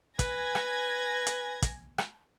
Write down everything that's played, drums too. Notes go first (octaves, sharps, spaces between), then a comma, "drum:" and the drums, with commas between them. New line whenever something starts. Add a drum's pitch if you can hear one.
B4 G#5 G#6 A#6, drum: kick, hi-hat
drum: rim click
drum: hi-hat
drum: kick, hi-hat
drum: rim click